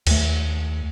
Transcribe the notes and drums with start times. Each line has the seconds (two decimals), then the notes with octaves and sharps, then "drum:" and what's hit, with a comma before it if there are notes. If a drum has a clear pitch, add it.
0.07 D#2 A3, drum: cymbal